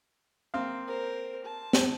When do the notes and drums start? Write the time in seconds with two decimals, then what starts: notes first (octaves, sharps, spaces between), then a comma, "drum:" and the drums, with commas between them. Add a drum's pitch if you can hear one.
0.54 A#3 C4 F5
0.87 A#4 C5
1.44 A5
1.73 drum: snare